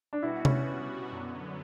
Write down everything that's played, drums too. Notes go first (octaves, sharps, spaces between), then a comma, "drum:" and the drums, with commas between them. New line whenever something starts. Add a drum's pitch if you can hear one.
D4
B2 G3 B3 E4 F#4
C#4, drum: tom C3
F#2 D3 F#3 B3